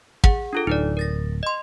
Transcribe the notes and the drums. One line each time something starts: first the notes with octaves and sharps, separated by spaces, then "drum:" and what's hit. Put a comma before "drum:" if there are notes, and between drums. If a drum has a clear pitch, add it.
G#4 F#5, drum: kick
D4 F4 A4
D1 D#4 B4 D5
A#4 A6 A#6
D#5 C6